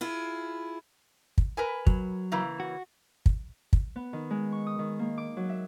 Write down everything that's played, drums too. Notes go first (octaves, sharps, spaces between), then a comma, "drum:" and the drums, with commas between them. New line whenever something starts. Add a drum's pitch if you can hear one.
E4 F4 G#4
drum: kick
A#4 B4 G#5
F#3, drum: kick
C#3 E3 A#3
F#4
drum: kick
drum: kick
B3
D#3
G#3
C#6
D#6
D#3
A#3
D6
F#3
E5